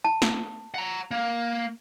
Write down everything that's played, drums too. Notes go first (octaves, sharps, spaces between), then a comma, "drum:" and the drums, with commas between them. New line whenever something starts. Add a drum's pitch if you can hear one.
A5
drum: snare
F#5 A#5
A#3